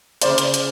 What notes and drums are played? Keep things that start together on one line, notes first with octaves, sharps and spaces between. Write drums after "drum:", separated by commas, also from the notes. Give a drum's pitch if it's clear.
C#3 C5 D5, drum: hi-hat
drum: hi-hat
drum: hi-hat